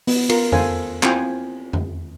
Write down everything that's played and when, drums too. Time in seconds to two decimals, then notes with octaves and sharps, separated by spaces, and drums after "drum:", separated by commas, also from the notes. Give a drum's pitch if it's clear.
0.07 B3, drum: open hi-hat
0.30 F4 A#4, drum: cymbal
0.52 A4 C5 F5 G#5, drum: tom F2
1.03 C4 E4 F4 G5 G#5, drum: clap
1.73 drum: tom F2